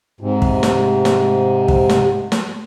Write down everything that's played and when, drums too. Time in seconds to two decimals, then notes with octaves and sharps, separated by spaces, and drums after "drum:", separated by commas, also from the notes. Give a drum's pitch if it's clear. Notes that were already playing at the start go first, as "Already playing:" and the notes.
0.21 G#2 C3
0.42 drum: kick
0.63 drum: snare
1.05 drum: snare
1.68 drum: kick
1.89 drum: snare
2.32 drum: snare